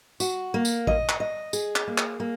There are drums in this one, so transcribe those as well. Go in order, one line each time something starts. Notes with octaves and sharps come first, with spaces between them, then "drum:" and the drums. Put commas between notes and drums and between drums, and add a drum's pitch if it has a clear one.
F#4, drum: tambourine
A#3
drum: tambourine
D#5, drum: kick A1
drum: clap
D#5
G#4, drum: tambourine
drum: clap
A#3
drum: clap
A#3